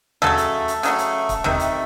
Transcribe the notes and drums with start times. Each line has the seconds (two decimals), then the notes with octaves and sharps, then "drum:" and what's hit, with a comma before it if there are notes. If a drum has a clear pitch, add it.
0.22 C#3 F#3 A3 A4, drum: tom
0.38 drum: hi-hat
0.68 drum: hi-hat
0.83 C#3 F#3 A3, drum: hi-hat
0.99 drum: hi-hat
1.29 drum: kick, hi-hat
1.44 C3 D#3 A3, drum: tom
1.60 drum: hi-hat